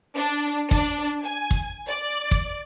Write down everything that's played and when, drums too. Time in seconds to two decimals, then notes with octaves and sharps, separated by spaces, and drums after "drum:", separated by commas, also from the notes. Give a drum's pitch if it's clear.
0.16 D4
0.71 D4, drum: kick
1.23 G#5
1.51 drum: kick
1.88 D5
2.31 drum: kick